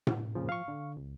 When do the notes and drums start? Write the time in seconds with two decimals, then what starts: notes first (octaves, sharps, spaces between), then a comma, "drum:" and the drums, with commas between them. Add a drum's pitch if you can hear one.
0.07 drum: tom A2
0.35 F2 A#2 C#3 F3
0.49 F3 F5 C#6
0.68 D3
0.97 C#2